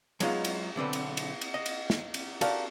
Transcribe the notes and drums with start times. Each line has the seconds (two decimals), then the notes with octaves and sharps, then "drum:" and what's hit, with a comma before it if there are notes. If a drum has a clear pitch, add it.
0.20 F#3 G#3 B3 D#4 F4, drum: cymbal
0.45 drum: cymbal
0.76 B1 D3 C4 B4
0.93 drum: cymbal
1.17 drum: cymbal
1.41 drum: cymbal
1.54 D#5
1.66 drum: cymbal
1.90 drum: snare
2.14 drum: cymbal
2.41 F#4 G4 A4 A#4 D5 F5, drum: cymbal